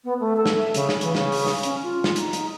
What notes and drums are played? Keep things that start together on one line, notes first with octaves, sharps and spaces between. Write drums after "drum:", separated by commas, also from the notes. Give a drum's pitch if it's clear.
B3
A3
A4
drum: snare
E5
C#3, drum: hi-hat
drum: snare
E3, drum: hi-hat
C#3, drum: snare
drum: open hi-hat
drum: snare
C#4, drum: hi-hat
F4
drum: snare
D#4, drum: hi-hat
drum: hi-hat